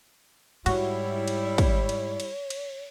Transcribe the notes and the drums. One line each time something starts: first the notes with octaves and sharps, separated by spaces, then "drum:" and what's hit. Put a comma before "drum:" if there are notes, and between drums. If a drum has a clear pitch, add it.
G#2 G3 E4 F#4 C#5, drum: cymbal
drum: cymbal
drum: kick, cymbal
drum: cymbal
drum: cymbal
drum: cymbal